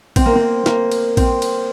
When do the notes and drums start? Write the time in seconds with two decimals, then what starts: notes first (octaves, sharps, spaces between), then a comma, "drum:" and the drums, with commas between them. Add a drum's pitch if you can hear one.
0.16 C4, drum: kick A#1, cymbal
0.26 A#3
0.36 C4
0.66 A#3, drum: snare
0.92 drum: cymbal
1.17 C4, drum: kick A#1, cymbal
1.42 drum: cymbal